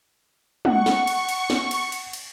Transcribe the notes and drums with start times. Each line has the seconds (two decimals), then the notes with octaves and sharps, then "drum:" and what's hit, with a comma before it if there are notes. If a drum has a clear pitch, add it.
0.65 F#5 C#6, drum: tom
0.86 drum: snare
1.07 drum: cymbal
1.29 drum: cymbal
1.50 drum: snare
1.71 drum: cymbal
1.92 drum: cymbal
2.13 drum: cymbal